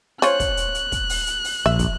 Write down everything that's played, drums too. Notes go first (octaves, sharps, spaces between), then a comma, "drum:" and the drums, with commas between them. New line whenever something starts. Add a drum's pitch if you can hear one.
C#4 F4 C5 C#5 F#6, drum: hi-hat
drum: kick, hi-hat
drum: hi-hat
drum: hi-hat
drum: kick, hi-hat
drum: open hi-hat
drum: hi-hat
drum: open hi-hat
A#1 E5
drum: kick, hi-hat